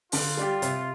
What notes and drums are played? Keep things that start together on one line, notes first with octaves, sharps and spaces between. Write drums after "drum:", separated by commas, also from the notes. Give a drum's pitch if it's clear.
D3 F4, drum: open hi-hat
G3 D4 G4
C3, drum: hi-hat